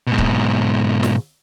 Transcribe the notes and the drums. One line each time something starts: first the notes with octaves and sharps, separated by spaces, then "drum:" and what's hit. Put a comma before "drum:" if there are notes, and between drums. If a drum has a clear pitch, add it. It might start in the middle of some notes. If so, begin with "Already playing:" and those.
G#2 B2
drum: kick C#1
drum: snare